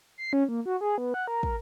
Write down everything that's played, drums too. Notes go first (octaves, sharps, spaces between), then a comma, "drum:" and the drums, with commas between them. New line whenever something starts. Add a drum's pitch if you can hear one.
C7
C#4
A#3
F#4
G#4
B3
F#5
A#4
A#4, drum: kick